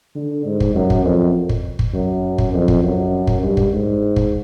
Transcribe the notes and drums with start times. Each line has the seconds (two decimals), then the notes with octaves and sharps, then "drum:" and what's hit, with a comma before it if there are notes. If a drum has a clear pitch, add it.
0.15 D3
0.45 G#2
0.60 drum: kick
0.75 F#2
0.90 drum: kick
1.05 F2
1.49 drum: kick
1.79 drum: kick
1.94 F#2
2.38 drum: kick
2.53 F2
2.68 drum: kick
2.83 F#2
3.27 drum: kick
3.43 G2
3.57 drum: kick
3.72 G#2
4.16 drum: kick